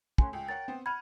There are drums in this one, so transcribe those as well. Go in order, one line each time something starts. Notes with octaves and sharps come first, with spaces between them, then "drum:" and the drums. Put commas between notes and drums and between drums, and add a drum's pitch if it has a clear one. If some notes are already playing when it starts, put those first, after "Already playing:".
A3 C#4 F#5 G#5 C6, drum: kick
C#2 G5
A#4 C#5 F#5 A6
B3 C4 C5
F#5 B5 F6 G#6 D#7